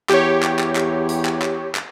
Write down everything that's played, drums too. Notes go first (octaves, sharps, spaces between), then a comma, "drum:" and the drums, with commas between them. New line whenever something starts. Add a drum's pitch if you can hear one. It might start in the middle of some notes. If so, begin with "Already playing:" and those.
E2 G4 C#5, drum: clap
drum: clap
drum: clap
drum: clap
drum: hi-hat
drum: clap
drum: clap
drum: clap